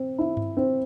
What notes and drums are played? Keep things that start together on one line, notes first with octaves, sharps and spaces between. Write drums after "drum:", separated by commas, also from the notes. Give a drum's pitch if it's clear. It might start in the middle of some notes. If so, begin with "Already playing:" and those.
Already playing: C4
E4
drum: tom G2
C4